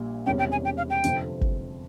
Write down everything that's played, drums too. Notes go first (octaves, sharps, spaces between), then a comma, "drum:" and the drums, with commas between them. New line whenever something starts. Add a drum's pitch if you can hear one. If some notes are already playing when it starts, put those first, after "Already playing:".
Already playing: A#1 A#2 G3
E1 E2 C3 G3 C#4 G5
G5
G#5
G5
F5
G5
G1 F2 C3 F3 C4, drum: hi-hat
drum: kick